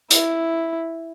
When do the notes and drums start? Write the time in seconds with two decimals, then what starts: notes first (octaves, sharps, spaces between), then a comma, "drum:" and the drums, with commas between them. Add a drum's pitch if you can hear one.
0.10 E4, drum: hi-hat